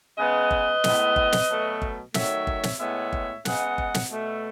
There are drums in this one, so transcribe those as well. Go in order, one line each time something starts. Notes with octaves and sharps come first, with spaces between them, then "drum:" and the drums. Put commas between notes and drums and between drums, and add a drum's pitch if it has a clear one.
C#3 G#3 B3 B4 D#5
drum: kick G1
A2 G#3 B3, drum: snare
drum: kick G1
drum: snare
B2 F#3 A3
drum: kick G1
D#3 F#3 A3 C#5 E5, drum: snare
drum: kick G1
drum: snare
A2 G#3 B3 C#5 E5
drum: kick G1
C#3 G#3 B3 D#5 F#5, drum: snare
drum: kick G1
drum: snare
B2 A3